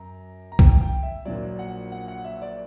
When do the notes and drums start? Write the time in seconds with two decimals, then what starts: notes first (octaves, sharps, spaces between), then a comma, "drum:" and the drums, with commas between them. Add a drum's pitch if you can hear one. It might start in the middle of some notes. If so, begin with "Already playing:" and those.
Already playing: F#2 A#5
0.52 A#5
0.59 G5, drum: kick B1
0.81 G5
1.03 E5
1.25 A#1 A#2 F#3 D5
1.59 F#5
1.92 F#5
2.08 F#5
2.24 E5
2.42 D5